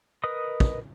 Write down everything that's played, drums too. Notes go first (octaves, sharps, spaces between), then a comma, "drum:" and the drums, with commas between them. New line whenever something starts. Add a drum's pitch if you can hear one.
A#4 B4 D#5 D#6
drum: kick